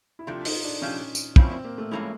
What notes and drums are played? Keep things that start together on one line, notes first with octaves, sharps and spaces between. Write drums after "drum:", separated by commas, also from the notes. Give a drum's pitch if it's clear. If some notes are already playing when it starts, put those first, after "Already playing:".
E4
C3 F3 A3 D4 F4 G4
D#4, drum: open hi-hat
D4
C3 F3 A3 C#4 D4 G4
drum: tambourine
A2 F3 A#3 C4 C#4 E4, drum: kick
C4
A#3
A3
A2 F3 G#3 A#3 C#4 E4